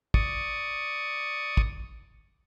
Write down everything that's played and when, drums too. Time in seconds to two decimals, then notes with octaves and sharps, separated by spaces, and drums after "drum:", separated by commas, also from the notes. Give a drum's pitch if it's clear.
0.14 D5 C#6 D#6, drum: kick
1.57 drum: kick